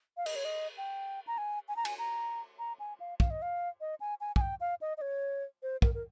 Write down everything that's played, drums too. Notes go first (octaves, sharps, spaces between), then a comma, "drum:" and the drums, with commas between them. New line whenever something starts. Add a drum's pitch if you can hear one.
F5
D#5, drum: cymbal
C#5
D#5
G5
A#5
G#5
G#5
A#5
G#5, drum: cymbal
A#5
A#5
G#5
F5
F5, drum: kick
D#5
F5
D#5
G#5
G#5
G#5, drum: kick
G5
F5
D#5
D#5
C#5
C5
A#4, drum: kick
A#4